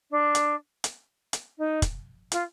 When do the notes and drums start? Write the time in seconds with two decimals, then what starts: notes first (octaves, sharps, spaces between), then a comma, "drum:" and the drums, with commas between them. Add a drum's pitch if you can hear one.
0.10 D4
0.35 drum: hi-hat
0.84 drum: hi-hat
1.33 drum: hi-hat
1.58 D#4
1.82 drum: kick, hi-hat
2.32 F4, drum: hi-hat